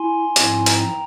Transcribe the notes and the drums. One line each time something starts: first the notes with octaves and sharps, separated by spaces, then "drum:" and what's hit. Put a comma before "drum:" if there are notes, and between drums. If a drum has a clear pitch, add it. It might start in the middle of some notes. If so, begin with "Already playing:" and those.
Already playing: E4 G#5 C6
G#2 F3 C4 E4, drum: hi-hat
G5 A#5, drum: hi-hat